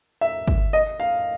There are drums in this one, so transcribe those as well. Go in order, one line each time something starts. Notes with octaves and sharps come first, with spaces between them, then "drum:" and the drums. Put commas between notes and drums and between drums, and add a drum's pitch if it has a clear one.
E5
drum: kick
D#5
F5